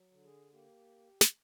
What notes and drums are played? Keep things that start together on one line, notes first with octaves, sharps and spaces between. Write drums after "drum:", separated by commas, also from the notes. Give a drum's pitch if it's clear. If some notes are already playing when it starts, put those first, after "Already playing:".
Already playing: F#3
D3
G#4
A#3 G4
drum: snare